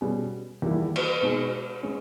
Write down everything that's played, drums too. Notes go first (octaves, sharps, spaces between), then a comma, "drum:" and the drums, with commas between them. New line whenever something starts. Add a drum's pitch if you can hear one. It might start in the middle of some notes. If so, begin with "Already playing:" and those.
B2 G3 C#4 G#4
E2 D#3 G3 A#3 E4
drum: cymbal
B2 G#3 D#4 G#4
G#3 C#4